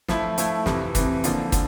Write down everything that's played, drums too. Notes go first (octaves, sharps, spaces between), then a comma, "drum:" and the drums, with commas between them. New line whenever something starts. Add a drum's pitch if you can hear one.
F3 A3 E4, drum: snare
F3 A3 E4, drum: hi-hat
F2 C3 E3, drum: snare
F2 C3 E3, drum: kick, hi-hat
D3 F3 A#3 F4, drum: hi-hat
D3 F3, drum: kick, hi-hat